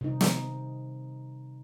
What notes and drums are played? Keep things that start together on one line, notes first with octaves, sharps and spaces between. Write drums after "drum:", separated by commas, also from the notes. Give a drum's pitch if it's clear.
C3 D#4
drum: snare